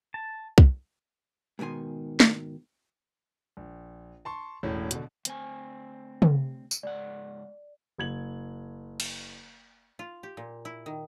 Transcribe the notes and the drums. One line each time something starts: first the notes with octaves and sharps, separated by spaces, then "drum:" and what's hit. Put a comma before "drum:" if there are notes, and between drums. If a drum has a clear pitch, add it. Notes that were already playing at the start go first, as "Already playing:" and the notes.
A5
drum: kick C2
G#2 B2 D#3 G#5 C6
drum: snare
A#1
A5 C6 C#6
E1 A2 C#4
B2 D3, drum: hi-hat
D2 C4 G#5, drum: hi-hat
drum: tom
drum: tambourine
C#2 G#2 D5 F#5
F#1 G#6 F#7
drum: cymbal
F4
G4
A#2
E4
D#3